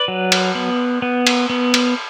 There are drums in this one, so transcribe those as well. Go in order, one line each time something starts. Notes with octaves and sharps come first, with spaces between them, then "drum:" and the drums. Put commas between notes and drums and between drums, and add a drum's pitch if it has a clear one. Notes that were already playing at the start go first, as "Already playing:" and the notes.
Already playing: B4 D5
F#3
drum: cymbal
B3
B3
drum: cymbal
B3
drum: cymbal